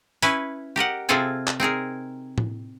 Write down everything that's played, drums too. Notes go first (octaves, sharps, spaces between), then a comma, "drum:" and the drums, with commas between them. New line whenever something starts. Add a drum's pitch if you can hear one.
C#4 E4 B4 G#5, drum: hi-hat
G4 A#4 D#5 F#5
C3 C4 F4 G#4 A4 G#5
drum: clap
C4 D#4 G#4 A#4
drum: tom